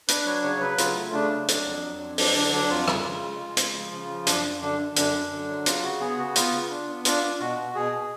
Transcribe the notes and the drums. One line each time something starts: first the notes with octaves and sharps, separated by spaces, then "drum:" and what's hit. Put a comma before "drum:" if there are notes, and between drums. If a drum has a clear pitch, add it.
D4 B4, drum: hi-hat
F#3 C#5
C#3 C#5
F#3 B4
C#3 F4, drum: hi-hat
A3
C#3 D4
F#3
F#3, drum: hi-hat
F2
F#3
F2
F#3 D4, drum: open hi-hat
D3 D4
F#3 D4
F2 F4
C#3, drum: rim click
C#3
G#3
G#3
C#3, drum: hi-hat
F3
C#3
F3
F#2 D4, drum: hi-hat
F#2
D3 D4
D3
F#2 D4, drum: hi-hat
F#2
D3
F#3
C#3 F4, drum: hi-hat
C#3 F#4
B3 G#4
C#3 F#4
B3 F4, drum: hi-hat
C#3
D4
B3
D4 F4, drum: hi-hat
D4
B2 F#4
B2
B2 G#4
B2